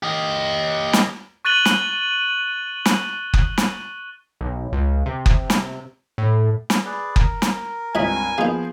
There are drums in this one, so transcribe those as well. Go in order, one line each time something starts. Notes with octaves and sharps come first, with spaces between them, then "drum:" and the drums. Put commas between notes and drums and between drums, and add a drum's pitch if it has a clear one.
G4 D#5
drum: snare
C#6 F#6 A6 D#7 F#7 G7
drum: snare
drum: snare
drum: kick F#1
drum: snare
B1
C#2
C3
drum: kick F#1
drum: snare
A2
drum: snare
G#4 B4 D5
A#4, drum: kick F#1
drum: snare
C#2 G2 C4 E4 D#5 G#5 B5
F3 A#3 B3 D#4 G#4 C5